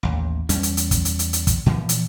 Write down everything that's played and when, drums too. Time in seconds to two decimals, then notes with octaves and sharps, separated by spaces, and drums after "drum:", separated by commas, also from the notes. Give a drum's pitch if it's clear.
0.03 A1 D#2
0.49 E2 G3 C#4, drum: hi-hat
0.63 drum: hi-hat
0.77 drum: hi-hat
0.91 drum: kick, hi-hat
1.05 drum: hi-hat
1.19 drum: hi-hat
1.33 drum: hi-hat
1.47 drum: kick, hi-hat
1.66 A#2 E3 F3
1.89 drum: hi-hat